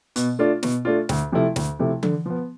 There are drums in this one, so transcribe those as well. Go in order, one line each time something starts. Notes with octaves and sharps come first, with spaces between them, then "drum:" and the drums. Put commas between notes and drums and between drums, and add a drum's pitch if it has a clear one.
B2, drum: hi-hat
A3 D4 F4
B2, drum: snare
A3 D4 F4
D2, drum: snare
C3 F3 A3 E4
D2, drum: snare
C3 F3 A3 E4
D3, drum: tom E3
F3 B3